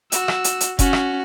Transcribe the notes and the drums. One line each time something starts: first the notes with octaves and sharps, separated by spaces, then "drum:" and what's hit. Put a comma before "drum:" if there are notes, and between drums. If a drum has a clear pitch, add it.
F#4 E6, drum: hi-hat
drum: rim click
drum: hi-hat
drum: hi-hat
C#4 F#4, drum: kick F1, hi-hat
drum: rim click